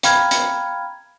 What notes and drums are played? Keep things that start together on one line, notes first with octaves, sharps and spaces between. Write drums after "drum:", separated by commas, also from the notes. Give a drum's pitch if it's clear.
F5 G5 A#5 B5 F6 G#6, drum: hi-hat
drum: hi-hat